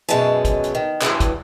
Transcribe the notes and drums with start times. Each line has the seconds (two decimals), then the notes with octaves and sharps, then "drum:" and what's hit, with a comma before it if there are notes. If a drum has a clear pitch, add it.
0.09 F#2 B2 F#3 G#3 A5
0.45 drum: kick, hi-hat
0.64 drum: hi-hat
0.75 D#3
1.01 G2 C3 E3 F#3, drum: clap
1.20 drum: kick, hi-hat